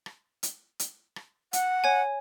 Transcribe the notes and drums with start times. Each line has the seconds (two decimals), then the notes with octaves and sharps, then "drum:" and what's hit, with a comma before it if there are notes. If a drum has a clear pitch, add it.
0.06 drum: rim click
0.43 drum: hi-hat
0.79 drum: hi-hat
1.16 drum: rim click
1.53 F#5, drum: hi-hat
1.84 C#5 G#5